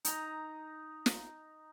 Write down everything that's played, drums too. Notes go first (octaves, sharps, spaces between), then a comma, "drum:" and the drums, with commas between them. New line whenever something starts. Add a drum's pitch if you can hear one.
D#4 A#5, drum: hi-hat
drum: snare